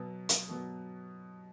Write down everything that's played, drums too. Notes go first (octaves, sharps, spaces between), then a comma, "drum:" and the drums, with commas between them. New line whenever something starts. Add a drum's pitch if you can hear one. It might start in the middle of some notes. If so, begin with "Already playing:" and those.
Already playing: B2 F#3 B3
drum: hi-hat
B2 F#3 B3